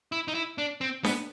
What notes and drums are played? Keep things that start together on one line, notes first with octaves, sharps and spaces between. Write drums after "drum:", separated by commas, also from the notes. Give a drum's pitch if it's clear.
E4
D#4
E4
D4
C4
B3, drum: snare D4